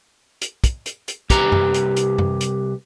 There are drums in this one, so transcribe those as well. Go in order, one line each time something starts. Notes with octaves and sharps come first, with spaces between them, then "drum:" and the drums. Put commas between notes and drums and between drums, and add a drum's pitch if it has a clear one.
drum: hi-hat
drum: kick, hi-hat
drum: hi-hat
drum: hi-hat
C2 G4 B4 A#5, drum: kick, hi-hat
drum: tom F#2
drum: hi-hat
drum: hi-hat
drum: tom F#2
drum: hi-hat